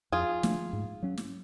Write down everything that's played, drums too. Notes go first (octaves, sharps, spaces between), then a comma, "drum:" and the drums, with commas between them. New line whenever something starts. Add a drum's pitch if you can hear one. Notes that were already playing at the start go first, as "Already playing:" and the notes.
F2 F4 G#4
F3 A3 D4, drum: snare
G#2
F#3 C#4
drum: snare